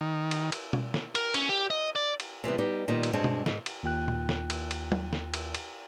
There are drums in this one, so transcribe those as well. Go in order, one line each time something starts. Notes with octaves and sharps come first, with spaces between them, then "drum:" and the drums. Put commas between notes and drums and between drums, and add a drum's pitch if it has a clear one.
D#3
drum: cymbal
drum: cymbal
drum: tom B2
drum: snare
A#4, drum: cymbal
C#4, drum: cymbal
G4
D#5
D5
drum: cymbal
C3 E3 G3 B3
G3 B3 D#4 G4
A#2 D#3 G3 B3
drum: cymbal
G2 B2 G#3 C4 D4
drum: tom B2
G#2, drum: snare
drum: cymbal
D#2 F4 G5 F#6
drum: tom A#2
drum: snare
drum: cymbal
drum: cymbal
drum: tom F#3
drum: snare
drum: cymbal
drum: cymbal